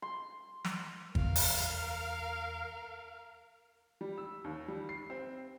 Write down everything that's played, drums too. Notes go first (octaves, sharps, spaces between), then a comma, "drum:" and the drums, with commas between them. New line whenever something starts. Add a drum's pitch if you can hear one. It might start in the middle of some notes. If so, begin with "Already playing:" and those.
C6
drum: snare
E2 A#4 F5, drum: kick G1
drum: open hi-hat
G3
E6
D#2
G3
C7
C4